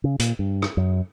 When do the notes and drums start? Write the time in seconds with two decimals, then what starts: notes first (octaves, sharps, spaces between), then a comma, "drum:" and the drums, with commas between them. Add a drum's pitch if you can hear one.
0.04 C#3
0.19 A#2, drum: hi-hat
0.39 G2
0.62 drum: rim click
0.77 F#2